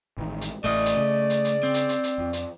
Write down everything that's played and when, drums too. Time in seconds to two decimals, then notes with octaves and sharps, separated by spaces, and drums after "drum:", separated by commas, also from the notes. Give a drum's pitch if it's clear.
0.17 A1 D#3
0.41 drum: hi-hat
0.64 A1 A3 D5 D#5
0.86 drum: hi-hat
0.97 C#3
1.30 drum: hi-hat
1.45 drum: hi-hat
1.63 C4
1.74 drum: hi-hat
1.89 drum: hi-hat
2.04 drum: hi-hat
2.18 F2
2.33 drum: hi-hat